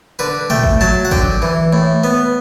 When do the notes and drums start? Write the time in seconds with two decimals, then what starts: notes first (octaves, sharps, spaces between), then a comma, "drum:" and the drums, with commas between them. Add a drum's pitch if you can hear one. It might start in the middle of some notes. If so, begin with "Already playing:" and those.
0.19 D3 B4
0.50 A3 G5, drum: tom
0.64 drum: kick
0.81 F#3 A5
1.05 F#5
1.11 D3 G5, drum: kick
1.42 E3
1.73 A2
2.04 B3